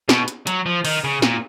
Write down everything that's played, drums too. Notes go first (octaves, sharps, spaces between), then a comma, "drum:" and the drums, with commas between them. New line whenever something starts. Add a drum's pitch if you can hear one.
B2, drum: snare
drum: hi-hat
F#3, drum: hi-hat
F3
D#3, drum: open hi-hat
C#3
A#2, drum: snare